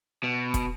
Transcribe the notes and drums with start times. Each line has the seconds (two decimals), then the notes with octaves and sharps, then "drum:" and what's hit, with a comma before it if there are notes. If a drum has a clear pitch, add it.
0.23 B2
0.54 drum: kick, hi-hat